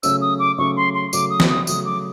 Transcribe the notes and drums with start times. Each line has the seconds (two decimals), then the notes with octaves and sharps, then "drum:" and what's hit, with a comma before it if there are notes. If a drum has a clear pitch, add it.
0.03 C#3 F#3 A3 C#4 E6, drum: tambourine
0.21 D#6
0.39 D6
0.58 C#3 F#3 A3 C#4 C#6
0.77 C6
0.94 C6
1.13 C#3 F#3 A3 D6, drum: tambourine
1.30 D#6
1.40 drum: snare
1.49 D#6
1.67 C#3 F#3 A3 D#6, drum: tambourine
1.85 D6